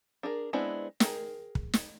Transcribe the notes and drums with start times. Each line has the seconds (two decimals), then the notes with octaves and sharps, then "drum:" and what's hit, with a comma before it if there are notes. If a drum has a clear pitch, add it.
0.23 D4 G#4 A#4
0.53 G#3 B3 C4 D4 E4
1.00 G#4 A#4 G5, drum: snare
1.55 drum: kick
1.73 drum: snare